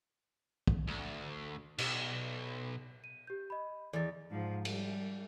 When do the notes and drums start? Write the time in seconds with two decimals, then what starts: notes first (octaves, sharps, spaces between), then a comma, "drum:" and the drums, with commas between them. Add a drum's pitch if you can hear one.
0.67 drum: kick
0.88 D2
1.78 B1, drum: cymbal
3.04 D#7
3.27 G4 G6
3.50 D#5 B5
3.93 E2 D5 A6
4.31 G#2 F3
4.65 G3, drum: cymbal